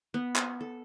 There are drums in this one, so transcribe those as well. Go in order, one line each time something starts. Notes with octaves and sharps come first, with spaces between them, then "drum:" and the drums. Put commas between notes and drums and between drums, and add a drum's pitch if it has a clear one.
B3
drum: clap
A4